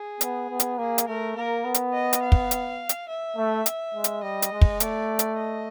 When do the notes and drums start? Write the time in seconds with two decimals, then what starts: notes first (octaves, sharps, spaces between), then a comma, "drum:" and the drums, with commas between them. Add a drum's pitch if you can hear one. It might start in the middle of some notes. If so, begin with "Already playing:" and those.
Already playing: G#4
0.21 B3, drum: hi-hat
0.50 B3
0.60 drum: hi-hat
0.78 A#3 G#4
0.98 drum: hi-hat
1.08 A3 A#4
1.36 A#3 A#4
1.64 B3
1.74 drum: hi-hat
1.93 D#5
2.13 drum: hi-hat
2.22 F5
2.32 drum: kick
2.51 drum: hi-hat
2.89 drum: hi-hat
3.09 E5
3.36 A3
3.66 drum: hi-hat
3.94 G#3
4.04 drum: hi-hat
4.23 G3 D#5
4.42 drum: hi-hat
4.52 G#3
4.61 drum: kick
4.80 A3 D5, drum: hi-hat
5.19 drum: hi-hat
5.38 D#5